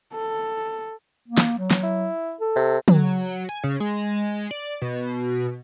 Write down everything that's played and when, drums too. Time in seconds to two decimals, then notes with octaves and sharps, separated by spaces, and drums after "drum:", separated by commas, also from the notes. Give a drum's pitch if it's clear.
0.13 A4
1.28 A#3
1.38 drum: snare
1.58 F#3
1.71 drum: snare
1.83 E4
2.41 A4
2.56 C3
2.88 F#3, drum: tom
3.49 G#5, drum: hi-hat
3.64 C#3
3.80 G#3
4.51 D5
4.82 B2